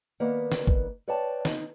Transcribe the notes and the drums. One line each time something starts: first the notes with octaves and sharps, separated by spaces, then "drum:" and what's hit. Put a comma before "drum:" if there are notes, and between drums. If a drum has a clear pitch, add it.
D#3 A#3 B3 B4 D5
drum: snare
drum: kick
B4 C#5 D5 G5 A5
D#4, drum: snare